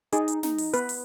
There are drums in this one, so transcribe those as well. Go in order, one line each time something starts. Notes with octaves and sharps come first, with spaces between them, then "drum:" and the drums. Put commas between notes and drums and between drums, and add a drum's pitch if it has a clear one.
D#4 G#4, drum: hi-hat
drum: hi-hat
D#4, drum: snare
drum: open hi-hat
B3 B4, drum: hi-hat
drum: open hi-hat